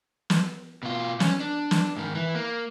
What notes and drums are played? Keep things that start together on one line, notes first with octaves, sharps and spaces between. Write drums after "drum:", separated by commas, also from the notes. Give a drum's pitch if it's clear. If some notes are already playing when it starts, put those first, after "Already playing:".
drum: snare
B2 F4
C#4, drum: snare
D4
drum: snare
G#2 D#3
E3
A#3